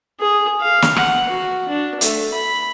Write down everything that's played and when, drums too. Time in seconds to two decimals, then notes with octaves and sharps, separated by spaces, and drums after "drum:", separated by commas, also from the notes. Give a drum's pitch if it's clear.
0.20 G#4
0.61 F5
0.82 drum: snare
0.96 F#5, drum: rim click
1.30 F#4
1.69 D4
2.01 A3, drum: hi-hat
2.33 B5